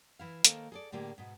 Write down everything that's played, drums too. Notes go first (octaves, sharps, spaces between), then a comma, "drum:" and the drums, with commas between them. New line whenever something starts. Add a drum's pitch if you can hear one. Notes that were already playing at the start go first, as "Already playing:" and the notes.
E3 E4 F5
D#3 A#3 A4 C5, drum: hi-hat
G#4 A4 D5
A2 D3 A#3 G4 G#4
G#2 B2